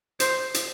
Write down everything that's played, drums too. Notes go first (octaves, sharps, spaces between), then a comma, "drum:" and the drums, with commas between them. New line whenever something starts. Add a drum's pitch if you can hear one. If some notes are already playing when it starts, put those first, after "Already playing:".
C5, drum: hi-hat
drum: hi-hat